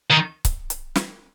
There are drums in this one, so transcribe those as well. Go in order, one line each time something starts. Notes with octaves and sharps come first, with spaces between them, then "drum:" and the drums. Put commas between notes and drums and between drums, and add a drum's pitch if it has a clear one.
D#3
drum: kick C#1, hi-hat
drum: hi-hat
drum: snare